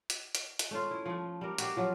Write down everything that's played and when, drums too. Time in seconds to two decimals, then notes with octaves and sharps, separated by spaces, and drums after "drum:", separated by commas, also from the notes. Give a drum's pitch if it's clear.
0.10 drum: hi-hat
0.35 drum: hi-hat
0.59 drum: hi-hat
0.71 A3 C#4 F4
0.91 E4
1.06 F3 A3
1.41 G3 A#4
1.58 F#4 G4 F5, drum: hi-hat
1.76 F3 F#3 F4